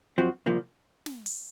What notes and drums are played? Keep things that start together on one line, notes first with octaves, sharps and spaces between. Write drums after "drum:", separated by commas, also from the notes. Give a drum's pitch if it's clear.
F#2 F3 C4 F#4
C2 A#2 F3 A#3
drum: snare
drum: open hi-hat